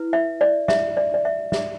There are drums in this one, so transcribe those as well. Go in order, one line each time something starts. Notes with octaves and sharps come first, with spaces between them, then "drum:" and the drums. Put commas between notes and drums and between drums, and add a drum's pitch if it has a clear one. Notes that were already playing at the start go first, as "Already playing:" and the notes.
Already playing: E4 B4
E5
D5
E5, drum: snare
D5
D5
E5
E5, drum: snare